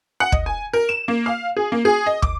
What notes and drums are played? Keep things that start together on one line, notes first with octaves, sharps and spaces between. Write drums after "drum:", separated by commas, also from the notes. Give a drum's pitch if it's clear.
F#5
D#5, drum: kick
G#5
A#4
E7
A#3
F5
G#4
A#3
G#4
D#5
D6, drum: kick